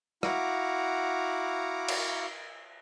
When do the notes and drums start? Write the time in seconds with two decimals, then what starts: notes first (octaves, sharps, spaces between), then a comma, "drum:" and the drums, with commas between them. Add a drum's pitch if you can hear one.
0.23 E4 F#4 F5 F#5 A#5 D6, drum: rim click
1.88 drum: cymbal